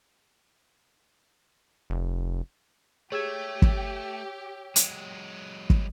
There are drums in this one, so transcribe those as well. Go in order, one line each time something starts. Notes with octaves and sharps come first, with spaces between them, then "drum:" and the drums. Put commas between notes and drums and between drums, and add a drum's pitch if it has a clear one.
F1
A3 G4 G#4 C#5 E6 G#6
drum: kick
F#3 G#3, drum: hi-hat
drum: kick